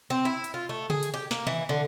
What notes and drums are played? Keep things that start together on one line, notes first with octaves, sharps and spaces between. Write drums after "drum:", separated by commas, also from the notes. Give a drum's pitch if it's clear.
C4
E4
drum: hi-hat
F4
A3
G#4, drum: tom C#3
drum: hi-hat
G4
A#3, drum: snare
E3, drum: tom D#3
D3